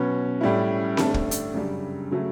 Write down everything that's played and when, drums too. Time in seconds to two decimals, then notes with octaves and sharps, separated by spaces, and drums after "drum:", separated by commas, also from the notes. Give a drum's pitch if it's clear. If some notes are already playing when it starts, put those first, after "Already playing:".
Already playing: B2 F#3 C#4 F#4 B4
0.41 A2 G3 C#4 E4
0.97 G2 D3 A3 D4 A4, drum: snare C4
1.14 drum: kick
1.31 drum: hi-hat
1.54 F#2 C#3 G3
2.11 C#3 F#3 A3